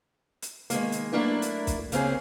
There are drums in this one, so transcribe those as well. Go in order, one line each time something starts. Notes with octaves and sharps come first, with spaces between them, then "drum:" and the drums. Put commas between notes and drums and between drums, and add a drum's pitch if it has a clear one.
drum: hi-hat
D#3 G#3 A#3, drum: hi-hat
drum: hi-hat
F#3 A3 A#3 D4 E4
drum: hi-hat
drum: kick, hi-hat
C#3 A#3 C4 C#4 G#4, drum: hi-hat